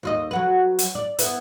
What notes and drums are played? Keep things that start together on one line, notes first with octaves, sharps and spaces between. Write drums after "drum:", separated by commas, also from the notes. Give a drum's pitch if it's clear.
D#2 F4 D#5
F#3 F#4 B4
drum: hi-hat
D5
B3 E4, drum: hi-hat